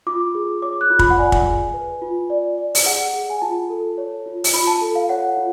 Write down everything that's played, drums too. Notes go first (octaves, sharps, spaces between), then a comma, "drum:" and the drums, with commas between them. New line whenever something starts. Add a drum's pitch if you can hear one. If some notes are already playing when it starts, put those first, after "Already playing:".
F4 D6
G#4
C#5 D6
F#6
F4
B5, drum: kick
F#5
D5 G#5
drum: kick
G#4
B4
F4
D5
D5
drum: open hi-hat
G#4 F#5
G#4
G#5
F4 A5
A4
C#5
F4
drum: open hi-hat
F4 B5
A5
A4
F5
C#5 F#5
F4